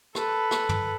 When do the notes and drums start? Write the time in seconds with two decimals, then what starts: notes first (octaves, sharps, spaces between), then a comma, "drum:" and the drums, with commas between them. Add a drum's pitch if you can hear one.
0.15 A4 B4, drum: rim click
0.51 drum: rim click
0.69 drum: tom